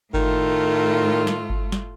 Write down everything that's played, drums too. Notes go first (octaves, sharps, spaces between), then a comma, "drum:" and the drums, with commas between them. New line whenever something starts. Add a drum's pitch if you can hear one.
A2 D#3 A3 F4, drum: kick G1
drum: snare
drum: kick G1
drum: snare